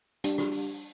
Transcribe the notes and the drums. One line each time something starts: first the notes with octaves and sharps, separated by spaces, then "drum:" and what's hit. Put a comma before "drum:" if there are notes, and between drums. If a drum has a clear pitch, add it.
G3 D4 G4, drum: hi-hat
drum: rim click
drum: open hi-hat